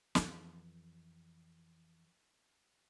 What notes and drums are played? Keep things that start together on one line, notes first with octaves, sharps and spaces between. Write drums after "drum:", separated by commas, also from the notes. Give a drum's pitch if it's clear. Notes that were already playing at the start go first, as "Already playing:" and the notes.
F2 E3, drum: snare